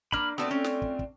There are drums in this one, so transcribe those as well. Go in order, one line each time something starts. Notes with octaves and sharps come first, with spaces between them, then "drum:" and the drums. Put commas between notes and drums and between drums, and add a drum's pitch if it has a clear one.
A#3 D4 B5 F6, drum: kick
A3 B3 C4 D4 F4 F#4 A4
C#4
drum: snare
drum: kick
drum: kick